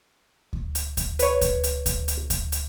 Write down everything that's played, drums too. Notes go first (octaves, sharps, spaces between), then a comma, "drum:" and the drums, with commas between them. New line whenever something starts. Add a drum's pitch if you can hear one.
drum: kick D2
drum: hi-hat
drum: kick D2, hi-hat
B4 C#5, drum: hi-hat
drum: kick D2, hi-hat
drum: hi-hat
drum: kick D2, hi-hat
drum: hi-hat
drum: kick D2, hi-hat
drum: hi-hat